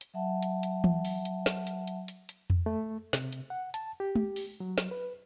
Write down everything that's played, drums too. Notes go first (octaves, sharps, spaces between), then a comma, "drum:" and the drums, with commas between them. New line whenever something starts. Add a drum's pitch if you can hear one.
drum: hi-hat
F#3 E5 F#5 A5
drum: hi-hat
drum: hi-hat
drum: tom E3
drum: open hi-hat
drum: hi-hat
drum: snare
drum: hi-hat
drum: hi-hat
drum: hi-hat
drum: hi-hat
drum: tom E2
A3
C3, drum: snare
drum: hi-hat
F#5
A5, drum: hi-hat
G4
drum: tom
drum: open hi-hat
F#3
drum: snare
B4